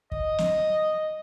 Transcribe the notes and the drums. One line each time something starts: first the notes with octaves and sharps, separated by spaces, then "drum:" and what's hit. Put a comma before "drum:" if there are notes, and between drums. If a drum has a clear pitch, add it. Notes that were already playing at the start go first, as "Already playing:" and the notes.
D#5, drum: kick
drum: snare